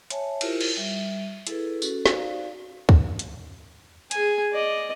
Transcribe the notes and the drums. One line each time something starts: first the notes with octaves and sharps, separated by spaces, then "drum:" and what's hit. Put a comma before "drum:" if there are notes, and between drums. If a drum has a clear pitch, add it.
C#5 E5 G#5 A5, drum: hi-hat
E4 F4 G4 A#4 C5, drum: cymbal
drum: cymbal
G3 E5
E4 G#4 A4 B4, drum: hi-hat
C#4 F#4 A4, drum: tambourine
D#4 F#4 C5 D5 F5, drum: snare
drum: kick C#2
drum: hi-hat
G#4 G#5, drum: hi-hat
D5 D#5